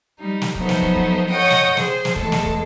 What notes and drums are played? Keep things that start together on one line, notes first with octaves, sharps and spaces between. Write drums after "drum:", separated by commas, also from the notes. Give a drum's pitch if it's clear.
G3 D#4
drum: snare
F3 F#3 A3 B3 D#4 C5, drum: kick
drum: snare
drum: kick
drum: kick
C#5 D#5 F#5 G5 D#6
drum: snare
G#4 C5, drum: snare
drum: snare
E2 G#3 A3 A4, drum: kick
drum: snare
drum: kick